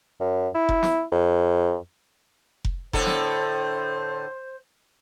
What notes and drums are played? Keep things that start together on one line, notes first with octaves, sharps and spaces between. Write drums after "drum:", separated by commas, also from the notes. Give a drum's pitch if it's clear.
F#2
E4
drum: kick F1
drum: snare
F2
drum: kick F1
A2 D3 A4 C5, drum: kick F1
drum: snare